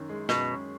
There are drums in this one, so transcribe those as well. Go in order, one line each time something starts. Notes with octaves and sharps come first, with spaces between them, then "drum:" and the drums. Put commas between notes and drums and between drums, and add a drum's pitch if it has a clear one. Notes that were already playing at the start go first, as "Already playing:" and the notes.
Already playing: F#2 D#3 C#4
G#3
F#2 B2, drum: snare
C#4